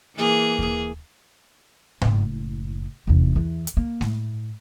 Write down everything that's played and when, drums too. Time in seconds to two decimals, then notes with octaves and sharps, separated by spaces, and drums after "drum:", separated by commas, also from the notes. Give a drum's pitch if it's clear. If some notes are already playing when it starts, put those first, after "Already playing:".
0.16 E3 A#3 G#4
0.59 drum: kick D#2
2.02 F#1 A2, drum: tom G#2
3.07 F1 E2
3.36 E2 E3
3.67 drum: hi-hat
3.77 A#3
4.01 A2, drum: snare G#3